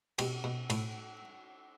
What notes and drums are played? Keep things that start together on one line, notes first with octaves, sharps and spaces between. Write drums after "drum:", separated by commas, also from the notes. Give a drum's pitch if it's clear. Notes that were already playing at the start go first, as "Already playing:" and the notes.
B2 G4, drum: cymbal
B2
A2, drum: cymbal